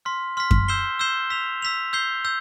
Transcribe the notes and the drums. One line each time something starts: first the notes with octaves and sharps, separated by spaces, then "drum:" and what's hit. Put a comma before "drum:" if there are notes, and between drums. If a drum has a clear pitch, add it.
C6 F6 B6
C6 F6 B6
drum: kick F#2
E6 G6 C7 E7 G7
E6 G6 C7 E7 G7
E6 B6 F7
E6 B6 F7
E6 G6 C7 G7
E6 G6